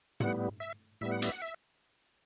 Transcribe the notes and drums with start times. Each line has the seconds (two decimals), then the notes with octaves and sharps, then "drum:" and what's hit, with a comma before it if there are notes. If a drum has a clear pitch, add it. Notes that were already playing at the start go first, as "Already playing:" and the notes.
0.20 A2 G3 B3 F#5, drum: tom
0.60 E5
1.01 A2 G3 B3 E5
1.11 F#5
1.22 E5, drum: hi-hat
1.32 F#5
1.42 E5